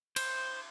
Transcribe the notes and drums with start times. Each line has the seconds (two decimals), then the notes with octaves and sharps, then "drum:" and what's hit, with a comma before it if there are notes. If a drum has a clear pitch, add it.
0.16 C5, drum: cymbal